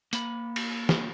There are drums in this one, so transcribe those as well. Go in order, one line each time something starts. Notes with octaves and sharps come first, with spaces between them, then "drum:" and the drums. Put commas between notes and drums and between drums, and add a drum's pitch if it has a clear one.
A#3 B5, drum: hi-hat
drum: cymbal
drum: snare